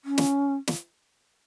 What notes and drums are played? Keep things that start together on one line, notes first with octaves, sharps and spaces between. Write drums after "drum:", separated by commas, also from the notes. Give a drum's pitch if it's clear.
C#4
drum: snare
drum: snare